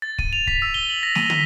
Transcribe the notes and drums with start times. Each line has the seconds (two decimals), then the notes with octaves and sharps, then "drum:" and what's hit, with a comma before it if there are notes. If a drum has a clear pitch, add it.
0.02 A6
0.19 D#7, drum: kick
0.33 F7
0.47 B6, drum: kick
0.62 E6
0.74 G7
0.90 F#7
1.03 A#6
1.15 D#7, drum: snare
1.30 B6, drum: tom